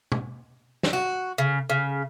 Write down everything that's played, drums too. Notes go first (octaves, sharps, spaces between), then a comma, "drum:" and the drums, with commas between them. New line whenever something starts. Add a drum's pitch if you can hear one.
drum: tom B2
drum: snare
F#4
C#3
C#3